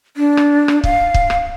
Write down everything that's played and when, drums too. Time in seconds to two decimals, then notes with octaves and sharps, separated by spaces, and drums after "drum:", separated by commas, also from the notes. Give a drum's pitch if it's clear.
0.17 D4
0.37 drum: rim click
0.68 drum: rim click
0.84 F5, drum: kick
1.14 drum: kick
1.30 drum: rim click